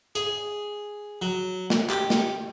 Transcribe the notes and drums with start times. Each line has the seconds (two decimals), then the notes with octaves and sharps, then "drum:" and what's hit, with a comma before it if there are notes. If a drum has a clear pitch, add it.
0.15 G#4, drum: hi-hat
1.22 F#3
1.70 drum: snare
1.90 G4, drum: clap
2.10 drum: snare